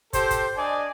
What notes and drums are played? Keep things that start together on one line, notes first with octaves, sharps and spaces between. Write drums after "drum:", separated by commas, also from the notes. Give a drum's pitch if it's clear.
G4 A4 C5, drum: kick, hi-hat
drum: kick, hi-hat
D4 D5 D#5 G#5